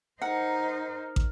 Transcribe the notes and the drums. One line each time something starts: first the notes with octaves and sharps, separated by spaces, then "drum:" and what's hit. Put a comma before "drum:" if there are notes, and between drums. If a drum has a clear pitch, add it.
D#4 A#4 C5 F#5
drum: kick